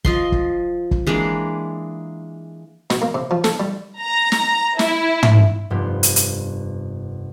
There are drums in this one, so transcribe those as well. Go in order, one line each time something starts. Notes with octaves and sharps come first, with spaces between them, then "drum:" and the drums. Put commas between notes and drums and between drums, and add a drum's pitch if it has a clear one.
F3 D#5 C6, drum: kick
drum: kick
drum: kick
E3 G#3 A#3 D4
B2, drum: snare
A#3
C3
F3
A4, drum: snare
G3
A#5
drum: snare
E4, drum: snare
drum: tom
F1 G2 B3 F4
drum: hi-hat
drum: hi-hat